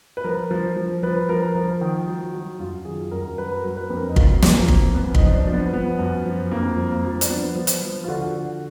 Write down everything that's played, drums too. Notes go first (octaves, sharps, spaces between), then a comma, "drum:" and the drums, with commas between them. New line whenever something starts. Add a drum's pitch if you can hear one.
B4
F3 A#4
F3
F3
F3 B4
F3 A#4
F3 A#4
D#3
F#3
F#3
F#2 F4
D#3 G#4
F#2 A#4
F#3 B4
A#4
F#3
B4
F2
A#4
D#4
F#3 F4, drum: kick
F2, drum: snare
A#3
F2, drum: kick
F#2 B3
D#4, drum: kick
F3
D4
F3
B3
F3 B3
F#2
F3
F2 A#3
F3
A#3
F3
D4, drum: hi-hat
F3 B3
F3
drum: hi-hat
F3
F4
D3 F#4
D3